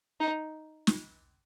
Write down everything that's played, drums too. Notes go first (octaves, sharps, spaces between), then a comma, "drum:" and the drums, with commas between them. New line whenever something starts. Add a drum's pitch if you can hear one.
D#4
drum: snare